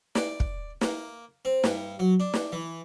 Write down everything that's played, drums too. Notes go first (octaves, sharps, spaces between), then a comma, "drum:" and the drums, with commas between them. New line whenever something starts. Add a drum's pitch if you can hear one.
D5, drum: snare
drum: kick
A#3, drum: snare
C4
G2, drum: snare
F#3
D4
drum: snare
E3